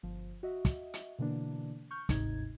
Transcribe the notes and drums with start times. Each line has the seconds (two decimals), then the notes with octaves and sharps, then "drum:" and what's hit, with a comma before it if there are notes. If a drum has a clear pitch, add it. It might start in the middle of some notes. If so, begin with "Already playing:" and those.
0.03 G1 F3
0.43 F#4 D#5 E5
0.65 drum: kick, hi-hat
0.94 drum: hi-hat
1.19 B2 D3 E3 A#3 D4
1.91 C#6 F6 G6
2.09 G1 D2 G#2 C3 D#4 G#6, drum: kick, hi-hat